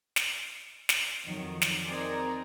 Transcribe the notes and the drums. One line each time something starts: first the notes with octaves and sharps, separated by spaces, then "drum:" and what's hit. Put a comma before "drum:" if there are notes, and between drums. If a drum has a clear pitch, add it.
drum: snare
drum: snare
F2 D#3 F#3
drum: snare
C4 D#4 G#4 A#4 D5